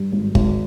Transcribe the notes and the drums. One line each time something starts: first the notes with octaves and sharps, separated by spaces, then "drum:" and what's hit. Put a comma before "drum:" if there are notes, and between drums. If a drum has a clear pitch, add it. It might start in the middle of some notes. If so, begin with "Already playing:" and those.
Already playing: G2
G#1
G#1, drum: kick G1